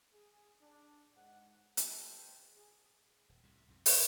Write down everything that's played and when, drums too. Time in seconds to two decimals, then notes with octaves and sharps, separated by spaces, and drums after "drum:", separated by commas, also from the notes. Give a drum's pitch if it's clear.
0.13 G#4
0.61 D4
1.16 G#2 F#5
1.77 G#4 B4 C5 G5 A5, drum: hi-hat
2.55 G#4
3.29 D#1
3.43 C2 A2 C3
3.68 B1 F2 G#2 C3
3.86 C2, drum: open hi-hat